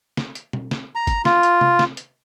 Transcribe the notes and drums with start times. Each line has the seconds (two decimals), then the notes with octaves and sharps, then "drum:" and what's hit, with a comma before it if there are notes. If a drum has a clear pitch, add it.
0.17 drum: snare
0.35 drum: hi-hat
0.53 drum: tom B2
0.71 drum: snare
0.95 A#5
1.07 drum: kick G1, hi-hat
1.25 F4, drum: snare
1.43 drum: hi-hat
1.61 drum: tom C3
1.79 drum: snare
1.97 drum: hi-hat